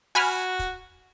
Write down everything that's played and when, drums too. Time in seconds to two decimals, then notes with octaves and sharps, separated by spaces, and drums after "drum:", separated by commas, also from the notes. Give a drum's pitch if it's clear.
0.15 F#4 G#5 B5 F6, drum: open hi-hat
0.59 drum: kick, hi-hat